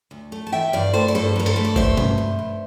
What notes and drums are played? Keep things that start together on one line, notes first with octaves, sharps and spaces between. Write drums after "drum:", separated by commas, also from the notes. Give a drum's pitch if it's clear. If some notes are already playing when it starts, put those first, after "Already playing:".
D2
A3
A5
E3 E5 G5
G2 D5 F5
A3 A4 C5
D5
G2 A4 C5
G2 A#4
A4 C5, drum: hi-hat
A3
D5
G2 C5 E5, drum: kick
G2, drum: tom B2
G2
G2